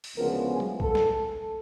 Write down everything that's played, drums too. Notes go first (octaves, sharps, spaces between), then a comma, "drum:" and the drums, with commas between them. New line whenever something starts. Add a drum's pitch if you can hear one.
drum: open hi-hat
D2 C#3 F3 G#3 B3 A#4
G#4
drum: tom F#3
A4, drum: kick
drum: snare